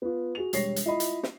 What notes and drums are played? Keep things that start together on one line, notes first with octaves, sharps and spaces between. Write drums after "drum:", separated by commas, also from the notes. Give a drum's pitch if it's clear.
B3 F4
F#4 G#4 F7
E1 G3 C#5 A#6 C7, drum: hi-hat
drum: hi-hat
E4 F4 D#5 B5
drum: hi-hat
drum: snare